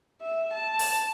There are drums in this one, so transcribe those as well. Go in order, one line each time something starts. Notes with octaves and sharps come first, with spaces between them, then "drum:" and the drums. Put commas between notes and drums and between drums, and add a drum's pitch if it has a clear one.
E5
A5
drum: open hi-hat